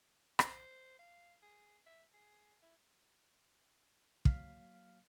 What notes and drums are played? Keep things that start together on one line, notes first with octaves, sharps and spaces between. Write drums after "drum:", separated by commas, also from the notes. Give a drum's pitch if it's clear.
C5, drum: rim click
F5
G#4
E5
G#4
E4
F#3 A#3 F5 F6 B6, drum: kick